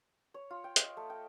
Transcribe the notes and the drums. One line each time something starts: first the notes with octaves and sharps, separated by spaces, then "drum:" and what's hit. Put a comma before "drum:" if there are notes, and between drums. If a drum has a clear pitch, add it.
C#5
F4
G5
D#5, drum: hi-hat
A3
G5